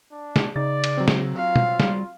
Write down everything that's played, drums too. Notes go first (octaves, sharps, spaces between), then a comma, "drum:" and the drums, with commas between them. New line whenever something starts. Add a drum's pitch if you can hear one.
D4
drum: snare
C#3 D#4 D5 A6
drum: cymbal
F#3 C4
drum: snare
F4 F5
drum: tom
G3, drum: snare